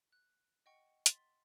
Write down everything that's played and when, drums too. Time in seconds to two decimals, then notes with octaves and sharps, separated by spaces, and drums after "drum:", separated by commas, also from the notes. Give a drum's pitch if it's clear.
0.12 F#6
0.66 D#5 F#5 G5 C#6 C#7
1.06 C6 A6 B6, drum: hi-hat